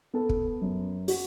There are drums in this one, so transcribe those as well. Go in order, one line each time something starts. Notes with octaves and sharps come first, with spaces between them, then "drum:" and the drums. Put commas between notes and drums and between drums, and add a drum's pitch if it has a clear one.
B3 A4
drum: kick
F#2
F#4, drum: open hi-hat